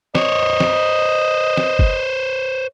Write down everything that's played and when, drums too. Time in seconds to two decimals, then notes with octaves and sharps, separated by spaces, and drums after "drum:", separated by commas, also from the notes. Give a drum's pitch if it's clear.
0.15 C5 C#5 D#5, drum: snare
0.60 drum: snare
1.57 drum: snare
1.79 drum: kick F#1